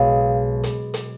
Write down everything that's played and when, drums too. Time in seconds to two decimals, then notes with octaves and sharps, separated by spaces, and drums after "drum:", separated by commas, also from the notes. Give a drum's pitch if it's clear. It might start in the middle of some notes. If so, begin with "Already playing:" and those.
Already playing: B1 B2 G#3 F5
0.64 drum: hi-hat
0.94 drum: hi-hat